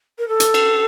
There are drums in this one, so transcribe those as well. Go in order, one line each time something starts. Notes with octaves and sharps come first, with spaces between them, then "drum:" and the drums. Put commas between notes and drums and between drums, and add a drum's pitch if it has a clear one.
A#4
A4
drum: hi-hat
drum: cymbal